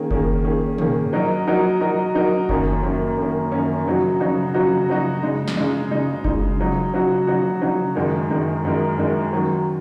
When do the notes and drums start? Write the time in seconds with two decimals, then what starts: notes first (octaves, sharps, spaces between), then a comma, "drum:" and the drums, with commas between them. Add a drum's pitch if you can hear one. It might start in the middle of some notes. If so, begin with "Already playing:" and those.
Already playing: D#3 A#3 C#4 G#4
0.11 D#3 A#3 C#4 G#4, drum: kick F#1
0.44 D#3 A#3 C#4 G#4
0.78 D#3 A#3 C#4 G#4, drum: tom
1.13 F#3 D#4 F#4 A#4 D#5
1.47 F#3 D#4 F#4 A#4 D#5
1.81 F#3 D#4 F#4 A#4 D#5
2.15 F#3 D#4 F#4 A#4 D#5
2.49 F#2 D#3 A#3 C#4, drum: kick F#1
2.83 F#2 D#3 A#3 C#4
3.18 F#2 D#3 A#3 C#4
3.52 F#2 D#3 A#3 C#4
3.85 C#3 F#3 D#4 F#4
4.20 C#3 F#3 D#4 F#4
4.54 C#3 F#3 D#4 F#4
4.89 C#3 F#3 D#4 F#4
5.23 C#3 G#3 D#4
5.48 drum: snare
5.57 C#3 G#3 D#4
5.91 C#3 G#3 D#4
6.24 C#3 G#3 D#4, drum: kick F#1
6.60 C#3 F#3 D#4 F#4
6.94 C#3 F#3 D#4 F#4
7.27 C#3 F#3 D#4 F#4
7.62 C#3 F#3 D#4 F#4
7.95 F#2 D#3 G#3 D#4 A#4
8.30 F#2 D#3 G#3 D#4 A#4
8.65 F#2 D#3 G#3 D#4 A#4
8.98 F#2 D#3 G#3 D#4 A#4
9.32 D#3 F#3 C#4